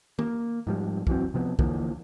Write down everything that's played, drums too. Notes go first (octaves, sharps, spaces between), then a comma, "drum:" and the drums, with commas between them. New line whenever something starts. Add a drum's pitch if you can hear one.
A#3, drum: tom D#3
G#2 F3 G3
G1 E3 F#3 C4, drum: kick
C3 F3 B3
D3 E3 F3 A#3, drum: kick